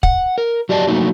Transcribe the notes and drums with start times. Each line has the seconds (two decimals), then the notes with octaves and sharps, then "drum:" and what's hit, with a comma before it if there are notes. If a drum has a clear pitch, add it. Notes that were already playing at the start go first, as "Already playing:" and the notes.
0.03 F#5, drum: kick
0.38 A#4
0.69 F#3 G4 D5 D#5 A5
0.87 F#3 A3 A#3 D#4